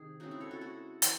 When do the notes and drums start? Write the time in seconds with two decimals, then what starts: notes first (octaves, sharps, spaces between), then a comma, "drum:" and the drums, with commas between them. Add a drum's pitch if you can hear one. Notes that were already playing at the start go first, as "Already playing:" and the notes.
Already playing: C3 D#3 G#4
0.20 C#3 G#3 C4 D#4 F#4
0.31 E4
0.40 A4 C#5
0.51 F#4 A4
0.61 F#4 A4
1.02 E3, drum: hi-hat